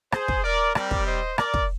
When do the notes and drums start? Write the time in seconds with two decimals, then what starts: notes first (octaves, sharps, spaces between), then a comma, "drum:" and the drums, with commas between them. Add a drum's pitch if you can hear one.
0.12 G#4 C5, drum: rim click
0.28 drum: kick
0.44 A#4 D5
0.75 G3 C4 G4 A#4 D5, drum: rim click
0.91 drum: kick
1.06 C5 D#5
1.38 A#4 D5, drum: rim click
1.54 drum: kick